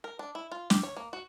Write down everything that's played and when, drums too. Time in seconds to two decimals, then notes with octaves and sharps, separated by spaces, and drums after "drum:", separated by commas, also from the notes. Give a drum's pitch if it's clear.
0.04 A#4
0.19 D4
0.35 E4
0.52 F4
0.70 G4, drum: snare
0.83 C#5
0.96 A#3
1.13 F#4